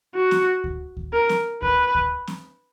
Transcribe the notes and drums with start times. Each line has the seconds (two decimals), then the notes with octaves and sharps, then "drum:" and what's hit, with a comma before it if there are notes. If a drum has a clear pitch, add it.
0.15 F#4
0.31 drum: snare C4
0.64 drum: kick D2
0.97 drum: kick D2
1.13 A#4
1.29 drum: snare C4
1.62 B4, drum: kick D2
1.95 drum: kick D2
2.27 drum: snare C4